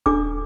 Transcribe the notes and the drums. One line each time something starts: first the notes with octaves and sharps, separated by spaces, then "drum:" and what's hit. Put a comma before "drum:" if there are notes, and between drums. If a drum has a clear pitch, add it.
D4 A4 D6, drum: kick D#1